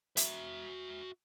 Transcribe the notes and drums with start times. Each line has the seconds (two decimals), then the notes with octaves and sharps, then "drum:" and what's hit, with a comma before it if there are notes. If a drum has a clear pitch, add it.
0.17 F#4 E5, drum: hi-hat